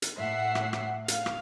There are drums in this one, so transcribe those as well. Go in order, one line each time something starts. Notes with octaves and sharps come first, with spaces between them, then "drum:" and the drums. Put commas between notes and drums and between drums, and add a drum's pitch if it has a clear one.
drum: hi-hat
A2 E5 F#5 C7
drum: rim click
drum: rim click
F5, drum: hi-hat
drum: rim click